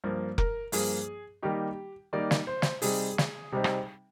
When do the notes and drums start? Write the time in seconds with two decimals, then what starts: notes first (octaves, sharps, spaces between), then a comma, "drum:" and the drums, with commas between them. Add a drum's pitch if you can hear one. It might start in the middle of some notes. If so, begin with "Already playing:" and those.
0.04 G2 F3 A#3
0.38 A#4, drum: kick F1
0.72 G2 F3 A#3 G#4, drum: open hi-hat
1.43 D#3 G3 A#3 D#4 G4
2.13 D#3 G3 A#3 D#4 D5
2.31 drum: snare
2.47 C5
2.62 drum: snare
2.82 C3 G3 C4 D#4 G#4, drum: open hi-hat
3.18 drum: snare
3.52 C3 G3 C4 D#4
3.64 drum: rim click